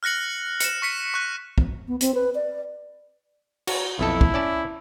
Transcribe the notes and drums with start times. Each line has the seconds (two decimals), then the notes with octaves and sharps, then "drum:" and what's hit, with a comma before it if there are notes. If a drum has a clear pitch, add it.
0.03 F6 F#6 A#6 C#7 F#7
0.60 C#7 E7, drum: hi-hat
0.82 C#6 B6 C#7
1.14 C#6 F#6
1.58 drum: kick
1.88 B3
2.01 C4, drum: hi-hat
2.14 B4
2.35 D5
3.67 F#4, drum: cymbal
3.99 B1 F2 E4 A4
4.21 drum: kick
4.34 C#4 D5 A5